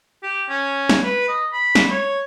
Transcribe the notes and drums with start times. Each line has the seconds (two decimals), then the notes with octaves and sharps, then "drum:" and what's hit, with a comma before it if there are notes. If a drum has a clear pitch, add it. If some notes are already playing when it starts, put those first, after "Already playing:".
0.23 G4
0.49 C#4
0.89 drum: snare
1.04 B4
1.28 D#5
1.53 B5
1.75 drum: snare
1.90 C#5